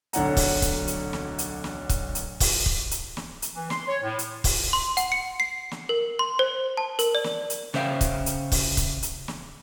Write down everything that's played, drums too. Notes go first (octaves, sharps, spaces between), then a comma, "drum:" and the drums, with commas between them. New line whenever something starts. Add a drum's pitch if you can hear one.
D1 B1 D3 C#5 F#5 A#5, drum: hi-hat
drum: kick, open hi-hat
drum: kick, hi-hat
drum: hi-hat
drum: snare
drum: hi-hat
drum: snare
drum: kick, hi-hat
drum: hi-hat
drum: kick, open hi-hat
drum: kick
drum: hi-hat
drum: snare
drum: hi-hat
E3
C6, drum: snare
C#5
A2
drum: hi-hat
drum: kick, open hi-hat
C6
F#5, drum: hi-hat
C#7
C7
drum: snare
A#4
C6
C5
A5
A#4, drum: hi-hat
D5
drum: snare
drum: hi-hat
C#3 C#4 C5 E5 F5 G5, drum: snare
drum: kick, hi-hat
drum: hi-hat
drum: kick, open hi-hat
drum: kick, hi-hat
drum: hi-hat
drum: snare